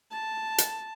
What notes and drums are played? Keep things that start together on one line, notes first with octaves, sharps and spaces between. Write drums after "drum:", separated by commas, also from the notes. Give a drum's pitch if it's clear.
A5
drum: hi-hat